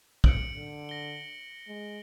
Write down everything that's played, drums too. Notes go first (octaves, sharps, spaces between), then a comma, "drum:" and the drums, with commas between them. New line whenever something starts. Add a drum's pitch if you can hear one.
C#7 D7 F#7, drum: kick
D3
A#6 G7
G#3